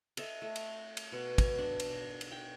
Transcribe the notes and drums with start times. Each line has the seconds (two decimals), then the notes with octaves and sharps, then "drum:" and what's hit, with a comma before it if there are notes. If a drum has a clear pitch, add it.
0.17 A4 D#5 E5, drum: cymbal
0.42 A3
0.56 drum: cymbal
0.97 drum: cymbal
1.12 B2 B3
1.38 G#5, drum: kick, cymbal
1.58 D4
1.80 drum: cymbal
2.21 drum: cymbal
2.32 G5